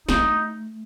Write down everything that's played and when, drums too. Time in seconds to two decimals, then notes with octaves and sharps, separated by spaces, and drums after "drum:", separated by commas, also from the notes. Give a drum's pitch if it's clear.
0.09 A3 D#4, drum: snare